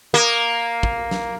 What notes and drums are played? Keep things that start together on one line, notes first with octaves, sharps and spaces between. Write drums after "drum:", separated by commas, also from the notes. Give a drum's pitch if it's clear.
A#3
drum: kick
drum: snare